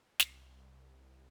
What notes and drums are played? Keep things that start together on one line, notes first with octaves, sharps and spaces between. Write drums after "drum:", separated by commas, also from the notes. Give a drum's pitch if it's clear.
C2, drum: snare